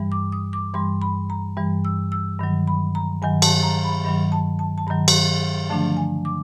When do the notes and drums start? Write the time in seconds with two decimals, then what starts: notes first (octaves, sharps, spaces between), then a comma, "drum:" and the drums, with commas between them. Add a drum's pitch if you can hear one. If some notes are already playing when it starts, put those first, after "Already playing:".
Already playing: G2 E3 G3
0.12 D6
0.32 D#6
0.53 D6
0.74 G2 E3 G3 C6
1.02 B5
1.30 A#5
1.57 G2 E3 G3
1.85 E6
2.12 E6
2.40 G2 D#3 F#3
2.67 B5
2.95 A#5
3.22 G2 D#3 F#3 G#5
3.42 A5, drum: cymbal
3.63 A#5
3.84 B5
4.04 G2 D#3 F#3 B5
4.32 A5
4.59 A5
4.78 A5
4.87 G2 D#3 F#3 A#5
5.08 drum: cymbal
5.69 D3 F3 A3 D4 A5
5.97 G#5
6.25 D6